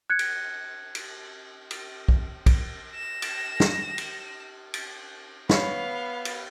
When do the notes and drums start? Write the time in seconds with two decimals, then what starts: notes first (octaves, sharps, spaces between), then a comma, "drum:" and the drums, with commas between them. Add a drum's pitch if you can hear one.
0.10 F#6 G#6 C#7
0.19 drum: cymbal
0.95 drum: cymbal
1.71 drum: cymbal
2.09 drum: kick
2.46 drum: kick, cymbal
2.91 A#6 E7
3.22 drum: cymbal
3.60 drum: snare
3.98 drum: cymbal
4.74 drum: cymbal
5.49 B3 C#5 F5 B5, drum: snare
6.25 drum: cymbal